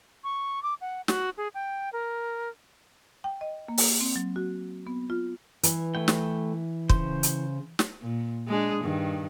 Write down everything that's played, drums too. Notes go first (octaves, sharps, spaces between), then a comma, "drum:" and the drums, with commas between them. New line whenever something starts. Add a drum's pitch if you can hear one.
C#6
D6
F#5
F#4, drum: snare
G#4
G5
A#4
G5
D#5
A#3
drum: open hi-hat
C4
F#3
F#4
B3
F4
E3, drum: hi-hat
A3 E4 G5
drum: snare
C#3 F3 C5, drum: kick
drum: hi-hat
drum: snare
A#2
G#3 D4 G#4
G2 D#3